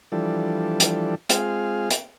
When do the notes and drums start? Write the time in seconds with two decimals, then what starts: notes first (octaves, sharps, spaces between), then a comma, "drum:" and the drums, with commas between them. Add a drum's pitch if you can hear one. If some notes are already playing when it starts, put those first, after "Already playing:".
0.12 E3 F3 G3 D4 A4
0.80 drum: hi-hat
1.29 G#3 C4 F4 G#4 F5, drum: hi-hat
1.90 drum: hi-hat